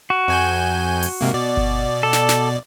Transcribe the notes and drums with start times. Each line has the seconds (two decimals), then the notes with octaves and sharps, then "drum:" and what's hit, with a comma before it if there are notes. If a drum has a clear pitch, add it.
0.10 F#4
0.28 F2 G#5 G6
1.03 drum: open hi-hat
1.21 G#2 C3 A#3
1.34 B2 D5
1.57 drum: kick G1
2.03 A4
2.13 drum: snare
2.29 drum: snare